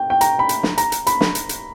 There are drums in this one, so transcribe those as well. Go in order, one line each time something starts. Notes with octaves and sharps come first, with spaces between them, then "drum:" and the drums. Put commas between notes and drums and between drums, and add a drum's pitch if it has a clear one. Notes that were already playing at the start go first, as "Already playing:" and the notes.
Already playing: G5
G5
A#5, drum: hi-hat
B5
drum: hi-hat
drum: snare
A#5, drum: hi-hat
drum: hi-hat
B5, drum: hi-hat
drum: snare
drum: hi-hat
drum: hi-hat